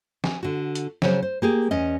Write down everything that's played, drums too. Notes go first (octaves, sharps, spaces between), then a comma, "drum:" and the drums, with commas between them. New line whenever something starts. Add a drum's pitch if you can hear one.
G#5, drum: snare
D3 F#4
drum: hi-hat
C#3 F#3 C5, drum: snare
C5
A#3 G4 G#4
E2 C#4 D#5